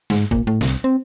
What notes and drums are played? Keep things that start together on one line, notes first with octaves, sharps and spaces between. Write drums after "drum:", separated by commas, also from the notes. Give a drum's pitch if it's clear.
G#2, drum: snare
A#2, drum: kick
A2
C2, drum: snare
C4